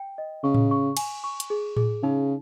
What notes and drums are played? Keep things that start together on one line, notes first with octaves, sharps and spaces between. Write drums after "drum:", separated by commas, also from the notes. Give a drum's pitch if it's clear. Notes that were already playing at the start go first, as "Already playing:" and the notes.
Already playing: G5
D#5
C#3 C#6
drum: tom A2
C#6
G#5, drum: cymbal
C#6
drum: hi-hat
G#4
G#4, drum: tom A2
C#3 D#4